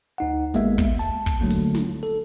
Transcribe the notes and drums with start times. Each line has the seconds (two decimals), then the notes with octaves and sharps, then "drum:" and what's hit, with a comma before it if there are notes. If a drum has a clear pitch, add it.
0.18 D2 D#4 F#5
0.54 G#1 G#3 A#3 B3 E5, drum: hi-hat
0.78 drum: kick
0.99 A5, drum: hi-hat
1.26 drum: kick, hi-hat
1.41 D3 F#3 A3 A#3
1.50 drum: open hi-hat
1.75 drum: snare
2.03 A4